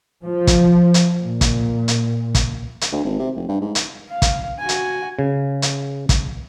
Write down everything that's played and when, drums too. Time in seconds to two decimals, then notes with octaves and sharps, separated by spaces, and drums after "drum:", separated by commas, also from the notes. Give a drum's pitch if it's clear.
0.24 F3
0.47 drum: kick, hi-hat
0.94 drum: hi-hat
1.21 A#2
1.41 drum: kick, hi-hat
1.88 drum: hi-hat
2.35 drum: kick, hi-hat
2.81 drum: hi-hat
2.92 D2
3.05 G#1
3.19 C3
3.36 F1
3.49 G2
3.61 G#2
3.75 drum: hi-hat
4.10 F5
4.22 drum: kick, hi-hat
4.59 F#4 G#5
4.69 drum: hi-hat
5.19 C#3
5.62 drum: hi-hat
6.09 drum: kick, hi-hat